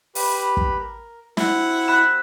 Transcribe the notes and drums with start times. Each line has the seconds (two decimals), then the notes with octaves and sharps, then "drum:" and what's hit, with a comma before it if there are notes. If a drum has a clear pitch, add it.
0.15 G4 B4 B5, drum: open hi-hat
0.57 drum: kick
0.79 A#4
1.37 C4 E4 F#4 F#5 E6, drum: snare
1.88 B5 F#6 E7